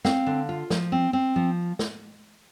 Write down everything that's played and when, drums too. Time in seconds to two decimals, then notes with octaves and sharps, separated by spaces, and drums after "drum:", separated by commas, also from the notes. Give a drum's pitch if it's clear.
0.05 C4 F5, drum: snare
0.26 D3
0.49 F4
0.70 F3, drum: snare
0.92 C4
1.13 C4
1.36 F3
1.79 drum: snare